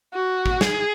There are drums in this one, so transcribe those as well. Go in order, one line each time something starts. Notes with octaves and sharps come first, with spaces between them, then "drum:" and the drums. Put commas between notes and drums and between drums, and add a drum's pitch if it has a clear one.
F#4
drum: kick
G#4, drum: snare